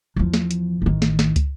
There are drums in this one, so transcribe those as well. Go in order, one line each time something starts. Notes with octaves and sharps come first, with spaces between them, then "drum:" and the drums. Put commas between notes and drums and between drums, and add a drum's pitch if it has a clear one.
E2 F3
drum: snare
drum: hi-hat
A1 D#3
drum: snare
drum: snare
drum: kick, hi-hat